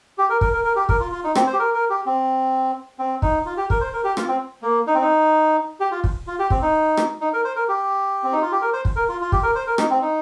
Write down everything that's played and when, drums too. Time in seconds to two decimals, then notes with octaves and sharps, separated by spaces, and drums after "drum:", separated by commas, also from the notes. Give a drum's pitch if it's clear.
0.18 G4
0.30 A#4
0.41 A#4, drum: kick
0.53 A#4
0.64 A#4
0.76 G4
0.89 A#4, drum: kick
1.00 F4
1.12 F4
1.24 D#4
1.35 C4, drum: rim click
1.47 C5
1.53 G4
1.59 A#4
1.74 A#4
1.90 G4
2.06 C4
2.99 C4
3.22 D#4, drum: kick
3.46 F4
3.57 G4
3.70 A#4, drum: kick
3.81 C5
3.93 A#4
4.04 G4
4.17 F4, drum: rim click
4.28 C4
4.62 A#3
4.87 D#4
4.94 C4
5.02 D#4
5.80 G4
5.92 F4
6.04 drum: kick
6.27 F4
6.39 G4
6.50 C4, drum: kick
6.62 D#4
6.97 drum: rim click
7.21 D#4
7.33 A#4
7.45 C5
7.56 A#4
7.68 G4
8.23 C4
8.32 D#4
8.42 F4
8.52 G4
8.62 A#4
8.73 C5
8.85 drum: kick
8.96 A#4
9.09 F4
9.21 F4
9.32 G4, drum: kick
9.43 A#4
9.55 C5
9.67 A#4
9.78 D#4, drum: rim click
9.90 C4
10.02 D#4